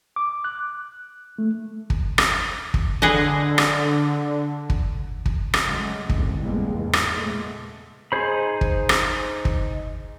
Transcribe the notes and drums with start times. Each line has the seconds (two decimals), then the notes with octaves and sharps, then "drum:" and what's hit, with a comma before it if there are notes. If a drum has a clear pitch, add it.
0.16 D6
0.44 F#6
1.38 A3
1.90 drum: kick
2.18 drum: rim click
2.74 drum: kick
3.02 D3 G#4 B4 D#5
3.58 drum: rim click
4.70 drum: kick
5.26 drum: kick
5.54 drum: rim click
5.64 C#3 F#3 G#3 A3
6.09 F1 C2 G#2 D3, drum: kick
6.39 A2 C3 G3 G#3 A#3 B3
6.70 E2 G#2 C#3
6.93 drum: rim click
7.13 A#2 G#3 A3 B3
8.12 D#4 G#4 C5 B5
8.61 drum: kick
8.89 drum: rim click
9.45 drum: kick